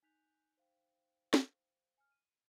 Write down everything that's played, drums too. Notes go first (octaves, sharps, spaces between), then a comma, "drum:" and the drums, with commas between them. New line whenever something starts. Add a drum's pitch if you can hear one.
D#4 G#5 F#6 G6 B6 F7
C5 F5 G5
drum: snare
G#5 F6
D#7